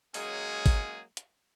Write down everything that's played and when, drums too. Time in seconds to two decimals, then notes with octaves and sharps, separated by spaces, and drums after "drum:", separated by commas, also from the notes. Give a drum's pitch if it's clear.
0.14 F#3 G#3 A#3 C#4 G#4, drum: open hi-hat
0.66 drum: kick G#1, open hi-hat
1.17 drum: hi-hat